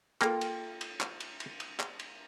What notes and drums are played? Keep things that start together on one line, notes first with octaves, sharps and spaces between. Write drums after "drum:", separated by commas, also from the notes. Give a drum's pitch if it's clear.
A#3 F4 A4 G5, drum: clap
drum: cymbal
drum: cymbal
drum: clap
drum: cymbal
drum: cymbal
drum: cymbal
drum: clap
drum: cymbal